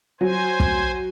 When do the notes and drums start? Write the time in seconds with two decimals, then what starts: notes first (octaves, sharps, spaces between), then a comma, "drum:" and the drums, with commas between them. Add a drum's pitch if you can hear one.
0.21 F#3 C5 G#5
0.60 drum: kick